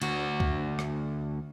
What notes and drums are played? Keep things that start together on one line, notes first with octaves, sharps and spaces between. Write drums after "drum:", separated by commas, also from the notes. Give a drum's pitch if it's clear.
D2 F#4, drum: cymbal
drum: kick C#2
drum: rim click